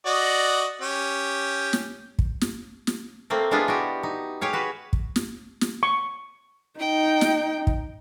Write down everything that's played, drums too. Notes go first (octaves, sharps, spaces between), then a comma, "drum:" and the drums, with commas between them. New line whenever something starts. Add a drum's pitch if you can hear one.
F#4 D5 D#5
C#4 G4
drum: snare
drum: kick
drum: snare
drum: snare
A3 A#3 C4
G#3 B3 D4 E4 F4 G#4
F#4 G4
D#4
G4 G#4 C#5 F5
F#4 B4
drum: kick
drum: snare
drum: snare
C#6
D#4 G5
drum: snare
drum: kick